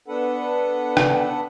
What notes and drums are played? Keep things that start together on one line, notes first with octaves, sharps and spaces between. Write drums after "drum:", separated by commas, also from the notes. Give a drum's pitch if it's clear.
B3 D4 A4 B4 F#5
drum: rim click